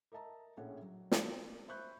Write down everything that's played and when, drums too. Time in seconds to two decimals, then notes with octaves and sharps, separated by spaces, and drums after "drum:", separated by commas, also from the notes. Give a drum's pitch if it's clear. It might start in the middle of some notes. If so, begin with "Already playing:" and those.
0.12 A#4 D#5 E5 A5 A#5
0.57 A#1 A2 C#4 G#4 F#5
0.82 F#3
1.11 A#3, drum: snare
1.68 C5 E5 B5 C#6 F#6 G6